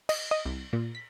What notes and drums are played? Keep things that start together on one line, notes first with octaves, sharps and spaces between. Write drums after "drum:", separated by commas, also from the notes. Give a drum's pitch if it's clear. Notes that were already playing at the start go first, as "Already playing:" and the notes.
D#5, drum: cymbal
D#5
C2
A#2
B6